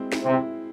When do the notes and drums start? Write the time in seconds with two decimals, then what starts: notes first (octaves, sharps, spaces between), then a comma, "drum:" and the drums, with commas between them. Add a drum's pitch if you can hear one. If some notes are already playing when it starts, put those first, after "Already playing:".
Already playing: G#3 C4 E4
0.12 E4, drum: snare
0.24 C3
0.38 E4